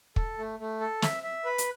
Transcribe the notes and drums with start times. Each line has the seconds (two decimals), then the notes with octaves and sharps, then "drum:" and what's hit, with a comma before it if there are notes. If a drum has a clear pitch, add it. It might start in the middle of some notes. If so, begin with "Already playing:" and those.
0.16 A4, drum: kick
0.38 A3
0.59 A3
0.80 A4
1.02 E5, drum: snare
1.23 E5
1.45 B4
1.58 drum: hi-hat